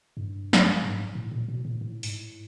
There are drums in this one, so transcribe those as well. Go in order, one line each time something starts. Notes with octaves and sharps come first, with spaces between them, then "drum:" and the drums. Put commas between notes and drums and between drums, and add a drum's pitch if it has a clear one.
G2
drum: snare
G#2
A2
A#2
B2
A#2
A2
G#2, drum: open hi-hat
A2